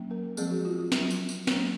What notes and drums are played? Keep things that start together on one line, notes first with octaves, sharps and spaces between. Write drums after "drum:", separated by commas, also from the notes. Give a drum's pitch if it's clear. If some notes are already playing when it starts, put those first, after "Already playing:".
Already playing: F#3 A#3 C#4
A#4
F3 G#3 C4 G#4, drum: tambourine
F#4
F4
F4
F#3 C#4, drum: snare
drum: tambourine
drum: tambourine
D#3 F#3 A#3 C#4, drum: snare